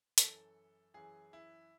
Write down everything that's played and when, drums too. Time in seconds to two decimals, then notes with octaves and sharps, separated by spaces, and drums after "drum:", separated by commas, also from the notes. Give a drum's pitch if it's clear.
0.18 F#2 E3 A4, drum: hi-hat
0.94 F#2 E3 G#4
1.33 E4